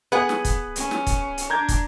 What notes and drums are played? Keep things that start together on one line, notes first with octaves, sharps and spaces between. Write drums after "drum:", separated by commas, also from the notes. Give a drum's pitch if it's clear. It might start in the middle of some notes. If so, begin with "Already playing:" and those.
B3 G#4 B4 F#5
drum: snare
drum: kick, hi-hat
C#4, drum: hi-hat
drum: snare
drum: kick, hi-hat
drum: hi-hat
D4 A#5 G6 G#6
drum: kick, hi-hat